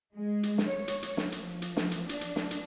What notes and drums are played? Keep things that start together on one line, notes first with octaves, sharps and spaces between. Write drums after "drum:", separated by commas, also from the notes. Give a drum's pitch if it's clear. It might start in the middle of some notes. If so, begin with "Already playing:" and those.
G#3
drum: hi-hat
drum: snare
C#5
drum: hi-hat
drum: hi-hat
drum: snare
F3, drum: hi-hat
drum: hi-hat
drum: snare
drum: hi-hat
D4, drum: hi-hat
drum: hi-hat
drum: snare
drum: hi-hat